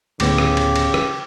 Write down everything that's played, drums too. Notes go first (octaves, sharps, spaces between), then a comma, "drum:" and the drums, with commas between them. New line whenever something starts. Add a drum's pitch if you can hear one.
D2 A2 C#3 B3 G4, drum: cymbal
drum: rim click
drum: cymbal
drum: cymbal
drum: rim click